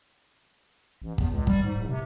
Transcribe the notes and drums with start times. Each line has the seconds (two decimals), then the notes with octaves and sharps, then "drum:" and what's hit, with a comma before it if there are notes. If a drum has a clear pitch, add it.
1.02 A1
1.18 E2, drum: kick
1.32 C#2
1.47 G3, drum: kick
1.63 G#2
1.75 D1
1.89 C3